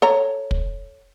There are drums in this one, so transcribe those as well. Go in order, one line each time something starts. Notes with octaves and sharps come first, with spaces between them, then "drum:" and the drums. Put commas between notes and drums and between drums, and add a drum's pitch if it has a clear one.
A4 C#5 A#5
drum: kick